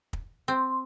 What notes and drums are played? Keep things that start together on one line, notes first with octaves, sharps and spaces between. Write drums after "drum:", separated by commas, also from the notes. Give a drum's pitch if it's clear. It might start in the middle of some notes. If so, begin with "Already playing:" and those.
drum: kick
C4 C6